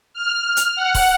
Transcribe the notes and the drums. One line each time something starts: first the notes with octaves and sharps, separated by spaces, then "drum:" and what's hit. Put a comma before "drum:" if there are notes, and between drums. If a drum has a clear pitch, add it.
F6
drum: hi-hat
F#5
drum: kick, open hi-hat